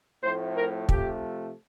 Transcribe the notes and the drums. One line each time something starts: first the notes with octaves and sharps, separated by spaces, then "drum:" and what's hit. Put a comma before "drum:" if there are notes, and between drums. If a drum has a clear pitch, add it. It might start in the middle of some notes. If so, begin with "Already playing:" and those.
A2 F3 A3 C4 C5
A#4
C3 F3 A3 G4, drum: kick